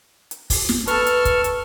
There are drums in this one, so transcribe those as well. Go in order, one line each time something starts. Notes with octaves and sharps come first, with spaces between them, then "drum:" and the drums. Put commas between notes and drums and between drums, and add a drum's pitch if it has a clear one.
drum: hi-hat
drum: kick, open hi-hat
drum: snare
A4 B4 C#6 F6, drum: hi-hat
drum: hi-hat
drum: kick, hi-hat
drum: hi-hat